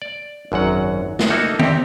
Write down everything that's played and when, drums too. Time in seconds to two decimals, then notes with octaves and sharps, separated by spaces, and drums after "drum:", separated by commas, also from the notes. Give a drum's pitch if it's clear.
0.02 D5
0.52 G#1 F#2 F#3 F#5
1.19 drum: snare
1.30 A3 A#3 D#4 F#4 A4
1.59 C4 G4, drum: tom